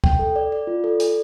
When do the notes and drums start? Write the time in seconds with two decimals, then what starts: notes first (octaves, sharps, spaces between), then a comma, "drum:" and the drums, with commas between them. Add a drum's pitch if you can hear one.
0.04 G5, drum: kick
0.19 A4
0.36 D5
0.52 D5
0.67 F4
0.84 A4
1.00 D5, drum: hi-hat